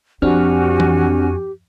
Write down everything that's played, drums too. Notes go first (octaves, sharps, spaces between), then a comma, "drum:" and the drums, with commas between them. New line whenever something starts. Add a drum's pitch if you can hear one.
F2 C4 D4 F#4 G4 G#5 F6
drum: tom E3